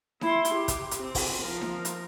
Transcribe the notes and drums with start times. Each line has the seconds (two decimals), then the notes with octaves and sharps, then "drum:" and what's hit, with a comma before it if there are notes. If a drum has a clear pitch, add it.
0.21 E4 C6, drum: snare D#4
0.45 drum: hi-hat
0.54 G4
0.68 drum: kick, hi-hat
0.91 drum: hi-hat
1.02 C4
1.15 drum: kick, open hi-hat
1.42 F3 A#4
1.61 drum: snare D#4
1.85 drum: hi-hat